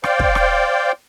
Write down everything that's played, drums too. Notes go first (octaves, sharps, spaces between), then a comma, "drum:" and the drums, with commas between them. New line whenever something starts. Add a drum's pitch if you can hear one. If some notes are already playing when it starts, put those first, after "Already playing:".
C5 D5 F5 G5, drum: rim click
drum: kick
drum: rim click